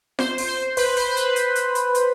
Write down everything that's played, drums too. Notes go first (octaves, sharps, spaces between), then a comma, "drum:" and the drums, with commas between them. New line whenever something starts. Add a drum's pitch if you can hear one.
C5, drum: snare F4
drum: open hi-hat
C5
B4, drum: open hi-hat
C5, drum: open hi-hat
C5
B4, drum: hi-hat
drum: hi-hat
drum: hi-hat
drum: hi-hat
drum: hi-hat